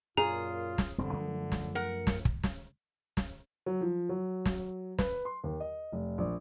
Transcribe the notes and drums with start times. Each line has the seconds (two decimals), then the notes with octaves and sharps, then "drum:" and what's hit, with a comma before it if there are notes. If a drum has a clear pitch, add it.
0.17 F#2 A#2 F4 G#4 A#5
0.78 drum: snare
0.98 E1 G2 D3 C4
1.13 F#2 F3 A3
1.52 drum: snare
1.75 A#4 F#5
2.07 drum: snare
2.25 drum: kick
2.44 drum: snare
3.17 drum: snare
3.66 F#3
3.81 F3
4.09 F#3
4.46 drum: snare
4.99 B4, drum: snare
5.25 C6
5.44 D#2
5.60 D#5
5.92 F1
6.18 A#1